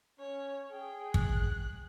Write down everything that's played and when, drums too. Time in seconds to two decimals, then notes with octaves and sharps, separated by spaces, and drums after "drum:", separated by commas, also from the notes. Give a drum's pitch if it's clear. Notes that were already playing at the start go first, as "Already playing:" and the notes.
0.19 C#4 C#5
0.71 G#4 G5
1.14 F#6, drum: kick